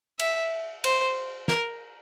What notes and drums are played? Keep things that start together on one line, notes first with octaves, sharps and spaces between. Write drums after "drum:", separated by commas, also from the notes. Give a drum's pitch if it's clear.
E5, drum: cymbal
C5, drum: cymbal
A#4, drum: snare